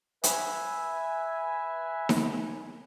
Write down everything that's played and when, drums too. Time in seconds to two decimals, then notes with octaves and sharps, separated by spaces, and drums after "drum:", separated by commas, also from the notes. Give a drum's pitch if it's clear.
0.24 B4 E5 G#5, drum: hi-hat
2.09 drum: snare D#4